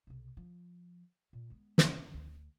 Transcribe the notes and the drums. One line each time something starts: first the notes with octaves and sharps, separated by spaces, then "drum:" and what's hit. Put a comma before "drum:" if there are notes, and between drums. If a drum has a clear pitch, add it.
B1 C3
F3
A#2
G#3 B3
F#2, drum: snare
D2